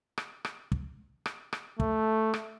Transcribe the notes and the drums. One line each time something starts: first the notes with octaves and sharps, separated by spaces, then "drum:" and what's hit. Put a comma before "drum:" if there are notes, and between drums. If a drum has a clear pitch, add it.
drum: rim click
drum: rim click
drum: kick
drum: rim click
drum: rim click
A3, drum: kick
drum: rim click